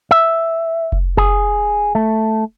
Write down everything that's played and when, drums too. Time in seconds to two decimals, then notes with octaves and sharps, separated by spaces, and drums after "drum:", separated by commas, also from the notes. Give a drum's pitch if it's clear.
0.11 E5
0.92 drum: kick F1
1.17 G#4, drum: kick F1
1.95 A3